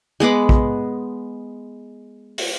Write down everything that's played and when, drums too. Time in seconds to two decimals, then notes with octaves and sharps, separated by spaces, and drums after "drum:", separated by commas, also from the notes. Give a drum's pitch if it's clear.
0.20 G#3 B3 F#5 D6
0.49 drum: kick
2.38 drum: open hi-hat